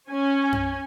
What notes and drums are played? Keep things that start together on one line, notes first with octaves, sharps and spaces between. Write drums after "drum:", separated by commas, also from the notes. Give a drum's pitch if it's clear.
C#4 G#5
drum: tom F#2